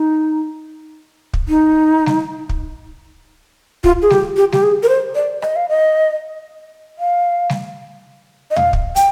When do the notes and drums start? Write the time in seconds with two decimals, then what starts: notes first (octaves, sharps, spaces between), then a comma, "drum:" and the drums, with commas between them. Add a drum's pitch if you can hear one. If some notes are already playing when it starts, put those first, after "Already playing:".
Already playing: D#4
1.34 drum: kick
1.49 D#4
2.06 drum: snare G3
2.49 drum: kick
3.84 F4, drum: kick
4.02 G#4
4.10 G4, drum: snare G3
4.37 G4
4.52 G4, drum: snare G3
4.63 G#4
4.83 A#4
4.89 C5
5.15 D5
5.42 D#5, drum: rim click
5.56 F5
5.69 D#5
6.99 F5
7.50 drum: snare G3
8.51 D#5
8.56 F5, drum: tom
8.73 drum: kick
8.96 G5, drum: hi-hat